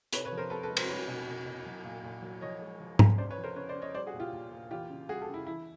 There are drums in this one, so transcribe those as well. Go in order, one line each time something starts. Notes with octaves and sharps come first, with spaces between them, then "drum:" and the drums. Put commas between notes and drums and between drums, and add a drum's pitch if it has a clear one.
C3 B4 C#5, drum: hi-hat
B4 C#5
F3
A#4 C5
C3 A4 B4
A4 B4
G#3
A#4 C5, drum: cymbal
G3 B4 C#5
B2
B2
B2
F#3
A#2
A#2
F#3
F3 C#5 D#5
G#3
F3
C3, drum: tom G#2
C#3 C5 D5
B4 C#5
F3
A#4 C5
C#3 B4 C#5
C5 D5
C#3
C#5 D#5
G3 C5 D5
F#4 G#4
A#2
F4 G4
A#2
A#2
E3 F4 G4
C#3
G3 F#4 G#4
G4 A4
C#3
E4
E3 E4